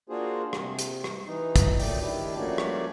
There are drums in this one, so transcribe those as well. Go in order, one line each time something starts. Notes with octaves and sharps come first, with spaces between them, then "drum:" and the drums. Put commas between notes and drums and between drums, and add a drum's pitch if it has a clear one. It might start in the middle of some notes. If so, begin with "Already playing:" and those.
A#3 D4 F4 F#4 G#4 C5
C3, drum: rim click
drum: hi-hat
drum: rim click
E3 D#4
drum: kick, hi-hat
F#2 A#2 A3 D5 G5, drum: open hi-hat
D#3 D4 E4 G4
F3 A3 A#3 C#4 F#4 D5
drum: rim click